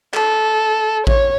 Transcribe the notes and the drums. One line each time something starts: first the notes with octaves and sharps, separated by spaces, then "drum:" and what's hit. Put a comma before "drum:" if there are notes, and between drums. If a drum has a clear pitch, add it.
A4, drum: clap
C#5, drum: kick A1